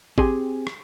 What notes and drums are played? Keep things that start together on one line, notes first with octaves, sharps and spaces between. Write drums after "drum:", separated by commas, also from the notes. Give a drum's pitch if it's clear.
C4 G4 G#4 G#5 C6, drum: kick G#1
drum: rim click